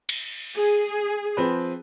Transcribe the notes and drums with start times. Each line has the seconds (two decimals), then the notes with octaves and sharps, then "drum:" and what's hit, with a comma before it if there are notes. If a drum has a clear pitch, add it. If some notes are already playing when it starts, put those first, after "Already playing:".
0.09 drum: cymbal
0.55 G#4
1.37 F3 C4 B4